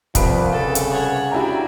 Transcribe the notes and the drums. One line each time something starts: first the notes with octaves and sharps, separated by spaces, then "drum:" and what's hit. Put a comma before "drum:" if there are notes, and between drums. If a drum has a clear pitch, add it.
C2 F3 B4 D7, drum: kick, hi-hat
C#3 A4
drum: hi-hat
C#5 F#5
D4 E4 F#4 G4 A#5